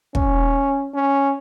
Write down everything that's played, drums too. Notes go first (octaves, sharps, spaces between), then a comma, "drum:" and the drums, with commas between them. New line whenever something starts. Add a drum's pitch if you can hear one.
C#4, drum: kick
C#4